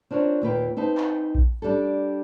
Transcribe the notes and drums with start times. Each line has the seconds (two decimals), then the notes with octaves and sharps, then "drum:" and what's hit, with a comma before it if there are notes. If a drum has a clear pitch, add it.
0.11 C4 D4 F4 A#4 C#5
0.42 D#2 A#2 B4 G5
0.77 C4 D#4 B4 A5
0.98 drum: clap
1.35 drum: kick A#1
1.62 G3 D4 G4 A4